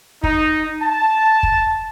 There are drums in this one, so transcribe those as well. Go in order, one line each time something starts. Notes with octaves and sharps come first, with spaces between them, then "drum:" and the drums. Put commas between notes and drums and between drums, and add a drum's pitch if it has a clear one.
D#4, drum: kick
A5
drum: kick